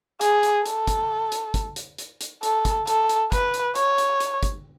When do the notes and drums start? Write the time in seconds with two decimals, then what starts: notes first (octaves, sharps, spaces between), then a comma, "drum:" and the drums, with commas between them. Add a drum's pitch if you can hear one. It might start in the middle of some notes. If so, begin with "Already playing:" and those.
0.21 G#4, drum: hi-hat
0.43 drum: hi-hat
0.66 A4, drum: hi-hat
0.87 drum: kick, hi-hat
1.32 drum: hi-hat
1.54 drum: kick, hi-hat
1.76 drum: hi-hat
1.98 drum: hi-hat
2.21 drum: hi-hat
2.43 A4, drum: hi-hat
2.65 drum: kick, hi-hat
2.87 A4, drum: hi-hat
3.09 drum: hi-hat
3.32 B4, drum: kick, hi-hat
3.54 drum: hi-hat
3.75 C#5, drum: hi-hat
3.98 drum: hi-hat
4.20 drum: hi-hat
4.43 drum: kick, hi-hat